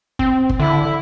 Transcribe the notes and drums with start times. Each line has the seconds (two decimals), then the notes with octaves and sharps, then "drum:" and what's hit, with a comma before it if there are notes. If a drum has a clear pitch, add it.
0.19 C4, drum: kick G1
0.49 drum: kick G1
0.60 D3 E4